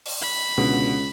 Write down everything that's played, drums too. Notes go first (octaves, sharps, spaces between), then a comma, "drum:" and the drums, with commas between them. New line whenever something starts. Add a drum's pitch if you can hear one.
drum: open hi-hat
B5
C#2 B2 D3